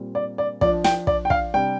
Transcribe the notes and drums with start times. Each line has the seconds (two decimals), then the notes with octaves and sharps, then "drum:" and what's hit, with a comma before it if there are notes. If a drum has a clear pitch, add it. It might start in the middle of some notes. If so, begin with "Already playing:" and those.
Already playing: A#2 G3 C4
0.15 D5
0.38 D5
0.61 F3 D4 D5, drum: kick
0.84 G5, drum: snare
1.07 D5, drum: kick
1.25 G5
1.30 F5, drum: kick
1.54 C3 G3 D4 G5